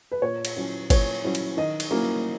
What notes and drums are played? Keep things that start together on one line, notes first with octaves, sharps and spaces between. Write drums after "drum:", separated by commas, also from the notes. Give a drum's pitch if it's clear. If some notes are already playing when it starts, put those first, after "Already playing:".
B4
A#2 C#5
drum: cymbal
F#3 C#4 E4
A#2 C#5, drum: kick G1, cymbal
F#3 C#4 E4
drum: cymbal
D#3 D#5
drum: cymbal
F#3 A#3 C#4 E4